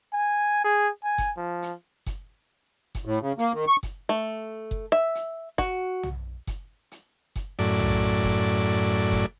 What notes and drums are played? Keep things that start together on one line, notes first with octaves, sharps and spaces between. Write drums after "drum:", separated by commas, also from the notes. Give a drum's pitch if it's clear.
G#5
G#4
G#5
drum: kick F#1, hi-hat
F3
drum: hi-hat
drum: kick F#1, hi-hat
drum: kick F#1, hi-hat
A2
C#3
A#3, drum: hi-hat
D#3
C#6
drum: kick F#1, hi-hat
A3
drum: kick F#1
E5
drum: hi-hat
F#4, drum: kick F#1, hi-hat
drum: tom B1
drum: kick F#1, hi-hat
drum: hi-hat
drum: kick F#1, hi-hat
F#2 A2 D5
drum: tom B1
drum: kick F#1, hi-hat
drum: hi-hat
drum: kick F#1, hi-hat